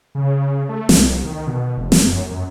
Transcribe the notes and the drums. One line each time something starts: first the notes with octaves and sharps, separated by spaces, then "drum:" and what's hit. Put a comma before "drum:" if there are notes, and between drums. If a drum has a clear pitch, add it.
C#3
A3
C2, drum: snare
D#3
B2
F1
drum: snare
F#2
F#2